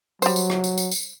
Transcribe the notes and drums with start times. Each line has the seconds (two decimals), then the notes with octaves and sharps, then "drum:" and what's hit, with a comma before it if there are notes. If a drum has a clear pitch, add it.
0.22 F#3 G3 C5, drum: tambourine
0.36 drum: tambourine
0.50 drum: rim click
0.64 drum: tambourine
0.78 drum: tambourine
0.91 drum: tambourine